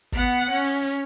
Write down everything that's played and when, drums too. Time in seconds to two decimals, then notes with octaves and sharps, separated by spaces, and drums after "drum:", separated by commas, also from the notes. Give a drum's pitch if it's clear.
0.12 B3 F#5, drum: kick, hi-hat
0.30 drum: hi-hat
0.51 C#4
0.64 drum: open hi-hat
0.81 drum: hi-hat